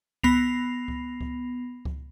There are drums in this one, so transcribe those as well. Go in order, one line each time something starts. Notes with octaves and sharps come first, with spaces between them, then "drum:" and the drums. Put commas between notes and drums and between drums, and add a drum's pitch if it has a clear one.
B3 B5 A#6 C7 F7, drum: kick C#2
drum: kick C#2
drum: kick C#2
drum: kick C#2